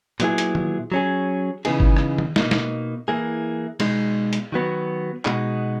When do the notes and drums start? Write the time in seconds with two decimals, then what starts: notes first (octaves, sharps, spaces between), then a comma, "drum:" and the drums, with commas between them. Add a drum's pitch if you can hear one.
0.20 A#2 F#3 B3 E4 G#4, drum: hi-hat
0.38 drum: hi-hat
0.55 drum: tom D#3
0.92 F#3 C#4 G#4
1.65 C#3 E3 B3 D#4 G#4, drum: cymbal
1.80 drum: kick G1
1.97 drum: rim click
2.18 drum: tom D#3
2.36 B2 A#3 D#4, drum: snare
2.51 drum: snare
3.08 E3 A#3 E4 G#4
3.80 B2 G#3 D#4, drum: cymbal
4.33 drum: hi-hat
4.52 D#3 F#3 B3 F#4
5.25 B2 G#3 D#4 F#4, drum: clap